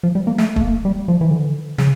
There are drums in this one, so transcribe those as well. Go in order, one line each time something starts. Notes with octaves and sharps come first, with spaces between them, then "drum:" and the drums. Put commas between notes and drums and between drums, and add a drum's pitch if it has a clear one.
F3
G3
A#3
A3, drum: snare
A3, drum: kick
A#3
G3
F3
E3
D3
C#3, drum: snare